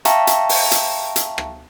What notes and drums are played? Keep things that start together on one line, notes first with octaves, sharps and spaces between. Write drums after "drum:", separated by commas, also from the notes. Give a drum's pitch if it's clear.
E5 F5 G5 A5 A#5 C#6, drum: hi-hat
drum: hi-hat
drum: open hi-hat
drum: hi-hat
drum: hi-hat
drum: rim click